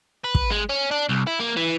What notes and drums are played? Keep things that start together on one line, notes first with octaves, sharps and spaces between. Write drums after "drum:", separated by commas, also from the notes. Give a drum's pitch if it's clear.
B4
drum: kick
G#3
C#4
D4
C2
E4
A#3
E3